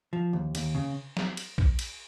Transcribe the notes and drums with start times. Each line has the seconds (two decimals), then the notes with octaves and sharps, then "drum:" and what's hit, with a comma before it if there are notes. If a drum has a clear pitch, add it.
0.13 F3
0.33 D#2
0.55 D#2, drum: cymbal
0.75 C#3
1.17 drum: snare
1.37 drum: cymbal
1.58 drum: kick
1.79 drum: cymbal